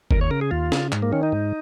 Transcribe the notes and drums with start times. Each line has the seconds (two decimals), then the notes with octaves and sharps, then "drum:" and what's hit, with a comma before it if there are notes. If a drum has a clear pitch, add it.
0.11 D#2 A#4, drum: kick F#1
0.21 C#5
0.31 C#3 A#4
0.41 G#4
0.51 D#2 F4
0.72 C#3, drum: snare
0.92 G#2, drum: clap
1.02 A#3
1.13 D#3 C#4
1.23 D#4
1.32 G#2